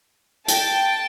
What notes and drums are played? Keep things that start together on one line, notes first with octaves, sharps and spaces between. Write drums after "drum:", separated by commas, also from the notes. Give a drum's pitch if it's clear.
G5 A5, drum: hi-hat